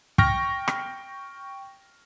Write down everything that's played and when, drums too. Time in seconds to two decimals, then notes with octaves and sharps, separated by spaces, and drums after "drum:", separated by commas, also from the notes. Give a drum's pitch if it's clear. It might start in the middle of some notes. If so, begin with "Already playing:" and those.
0.18 G5 C#6 F6 A#6, drum: kick
0.68 drum: rim click